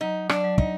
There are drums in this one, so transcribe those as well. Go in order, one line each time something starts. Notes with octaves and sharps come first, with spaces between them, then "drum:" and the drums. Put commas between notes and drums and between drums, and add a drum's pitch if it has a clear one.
F#3 D#4
D4, drum: rim click
F#3
D#4, drum: kick